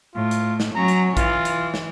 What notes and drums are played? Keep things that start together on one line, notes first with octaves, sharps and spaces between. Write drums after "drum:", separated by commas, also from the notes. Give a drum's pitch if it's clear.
A2 F4
drum: hi-hat
drum: snare
F#3 C#4 A#5
drum: hi-hat
E3 F4, drum: kick, hi-hat
drum: hi-hat
drum: snare